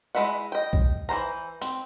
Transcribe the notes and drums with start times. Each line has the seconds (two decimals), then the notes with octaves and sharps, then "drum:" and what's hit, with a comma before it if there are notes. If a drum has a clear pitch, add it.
0.15 G#3 E4 E5 F#5
0.52 D#5 G5
0.73 drum: kick B1
1.09 E3 C4 C5 A#5
1.61 C4, drum: tambourine